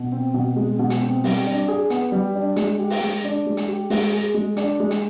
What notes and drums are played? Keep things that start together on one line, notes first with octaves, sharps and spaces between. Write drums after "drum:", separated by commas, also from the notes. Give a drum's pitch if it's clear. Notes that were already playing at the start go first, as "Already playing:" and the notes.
Already playing: B2
C4
B2
G#3
B2
drum: hi-hat
C4
G3, drum: open hi-hat
D4
G#4
B3, drum: hi-hat
G3
D4
G#3, drum: hi-hat
G4
drum: open hi-hat
G#3
D4
G#3
drum: hi-hat
G4
G#3, drum: open hi-hat
G#4
G#3
D4, drum: hi-hat
G#3
drum: hi-hat